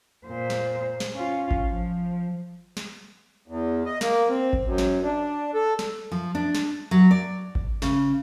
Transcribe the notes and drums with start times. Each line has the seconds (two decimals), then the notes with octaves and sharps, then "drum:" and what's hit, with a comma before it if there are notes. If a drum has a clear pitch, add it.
0.25 A#2 C5
0.50 drum: snare
1.00 drum: snare
1.13 C#4 F4
1.51 drum: kick G#1
1.70 F3
2.77 drum: snare
3.48 E2
3.86 D#5
4.01 A#3, drum: snare
4.29 C4
4.53 drum: kick G#1
4.65 F#2
4.78 drum: snare
5.04 D4
5.54 A4
5.79 drum: snare
6.12 F3
6.35 D4
6.55 drum: snare
6.91 F#3
7.11 D5
7.55 drum: kick G#1
7.82 C#3, drum: snare